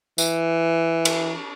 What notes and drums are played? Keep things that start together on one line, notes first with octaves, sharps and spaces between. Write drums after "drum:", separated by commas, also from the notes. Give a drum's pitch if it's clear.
E3, drum: tambourine
drum: cymbal